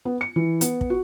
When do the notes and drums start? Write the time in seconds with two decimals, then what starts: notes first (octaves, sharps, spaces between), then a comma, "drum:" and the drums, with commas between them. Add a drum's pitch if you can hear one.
0.05 B3
0.21 C#7
0.36 E3
0.61 B3, drum: hi-hat
0.81 drum: kick
0.90 F#4